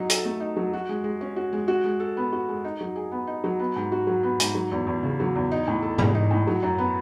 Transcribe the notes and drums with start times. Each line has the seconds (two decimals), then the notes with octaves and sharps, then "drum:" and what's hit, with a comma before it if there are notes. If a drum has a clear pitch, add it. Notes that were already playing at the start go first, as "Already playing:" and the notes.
Already playing: F#3 D#4
0.10 A4, drum: hi-hat
0.25 A3
0.40 D#4
0.56 F#3
0.73 F#4
0.89 G#3
1.04 G#3
1.21 C#4
1.36 F#4
1.53 G#3
1.68 F#4
1.84 G#3
2.00 A4
2.17 B3
2.32 F#4
2.48 G#3
2.64 D#4
2.81 F#3
2.96 G#4
3.12 B3
3.27 D#4
3.44 F#3
3.59 B3
3.76 G#2
3.92 F#4
4.07 F#3
4.23 B3
4.40 G#2, drum: hi-hat
4.55 F#3
4.71 E2
4.87 E2
5.03 C#3
5.20 F#3
5.35 E2
5.51 D#4
5.68 A2
5.82 A4
5.98 G#3, drum: tom G#2
6.14 D#4
6.31 A2
6.47 F#3
6.63 F#2
6.78 B3